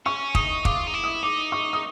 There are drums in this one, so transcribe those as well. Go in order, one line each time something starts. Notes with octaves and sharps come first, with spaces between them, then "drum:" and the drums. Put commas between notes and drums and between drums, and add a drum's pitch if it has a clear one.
C#4 C#6
D#4 D#6, drum: kick
F4 D6, drum: kick
D#4
E4
D#6
D#4 D6
C#6
D#6